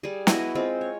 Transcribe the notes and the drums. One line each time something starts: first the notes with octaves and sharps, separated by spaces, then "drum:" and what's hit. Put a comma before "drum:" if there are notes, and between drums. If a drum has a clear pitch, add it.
G3 G#4
B3 E4 F#4 D#5, drum: snare
G#3 C4 F4 C5
C#5